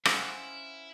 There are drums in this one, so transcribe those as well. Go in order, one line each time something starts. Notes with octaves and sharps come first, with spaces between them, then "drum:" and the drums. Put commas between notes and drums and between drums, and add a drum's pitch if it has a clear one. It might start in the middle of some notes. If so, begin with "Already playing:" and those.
C#4 E4 C5 F5 F#5, drum: rim click